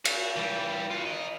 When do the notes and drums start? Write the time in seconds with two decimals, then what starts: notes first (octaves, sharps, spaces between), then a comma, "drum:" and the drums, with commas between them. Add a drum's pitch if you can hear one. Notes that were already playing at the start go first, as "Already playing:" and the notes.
0.05 F#4, drum: cymbal
0.36 E3 G3
0.90 F4 F#4
1.05 A#4 D#5